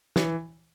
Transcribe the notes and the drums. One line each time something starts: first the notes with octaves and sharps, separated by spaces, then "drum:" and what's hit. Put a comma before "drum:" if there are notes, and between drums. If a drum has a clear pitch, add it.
E3, drum: snare